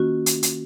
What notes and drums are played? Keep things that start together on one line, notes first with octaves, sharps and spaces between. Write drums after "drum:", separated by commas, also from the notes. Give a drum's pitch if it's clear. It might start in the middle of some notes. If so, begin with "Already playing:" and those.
Already playing: D#3 A#3 C#4 F4 F#4
drum: hi-hat
drum: hi-hat